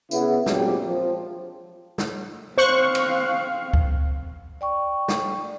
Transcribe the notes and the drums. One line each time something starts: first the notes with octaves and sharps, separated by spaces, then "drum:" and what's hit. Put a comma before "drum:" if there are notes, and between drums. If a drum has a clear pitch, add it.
C#3 B3 E4, drum: tambourine
A#1 F2 F#3 G#3 G4, drum: snare
F3
drum: snare
C4 C5 F5 C#6 F#6
drum: cymbal
drum: kick C#2
D5 G5 C#6
drum: snare